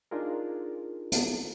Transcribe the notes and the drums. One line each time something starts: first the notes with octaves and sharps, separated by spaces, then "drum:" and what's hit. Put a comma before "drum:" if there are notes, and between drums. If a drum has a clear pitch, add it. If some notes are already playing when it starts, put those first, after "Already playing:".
D4 D#4 F4 G#4 A#4
drum: hi-hat